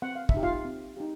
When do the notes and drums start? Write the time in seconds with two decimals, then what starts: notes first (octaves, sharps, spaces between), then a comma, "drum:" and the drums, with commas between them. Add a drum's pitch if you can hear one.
0.02 C4 F#5
0.15 F5
0.29 E5, drum: kick
0.34 D#4 G4
0.43 F4 F5
0.65 C4
0.97 D#4 G4